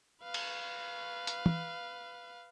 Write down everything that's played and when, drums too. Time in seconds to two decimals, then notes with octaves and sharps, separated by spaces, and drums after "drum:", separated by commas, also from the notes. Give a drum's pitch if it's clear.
0.22 B4 F5
0.34 drum: cymbal
1.27 drum: hi-hat
1.46 drum: tom